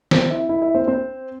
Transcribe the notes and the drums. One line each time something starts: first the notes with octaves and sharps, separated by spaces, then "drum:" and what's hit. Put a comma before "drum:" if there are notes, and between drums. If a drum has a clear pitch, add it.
C4 C5, drum: snare
E4 E5
E4 E5
E4 E5
C4 C5
C4 C5